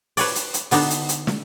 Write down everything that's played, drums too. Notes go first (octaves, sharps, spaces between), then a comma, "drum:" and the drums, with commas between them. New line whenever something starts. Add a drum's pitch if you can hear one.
B4 C#5 D5, drum: open hi-hat
drum: hi-hat
drum: hi-hat
D3 B3 D4 D#4, drum: open hi-hat
drum: hi-hat
drum: hi-hat
drum: snare